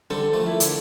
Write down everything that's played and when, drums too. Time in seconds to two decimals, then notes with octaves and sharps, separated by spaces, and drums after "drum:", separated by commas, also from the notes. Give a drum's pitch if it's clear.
0.10 D3 G3 C4 A4
0.33 F3 A3 A#3
0.46 E4
0.60 D3, drum: hi-hat